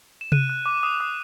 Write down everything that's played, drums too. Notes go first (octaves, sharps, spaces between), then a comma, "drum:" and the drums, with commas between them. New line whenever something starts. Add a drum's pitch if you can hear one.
E7
F#6 D#7, drum: tom C3
F#6
D6
D#6
D#6